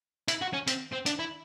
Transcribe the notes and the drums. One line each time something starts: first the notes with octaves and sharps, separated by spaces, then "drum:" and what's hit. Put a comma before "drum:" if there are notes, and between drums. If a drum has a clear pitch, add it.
E4, drum: hi-hat
F#4
C#4
C4, drum: hi-hat
C4
D4, drum: hi-hat
E4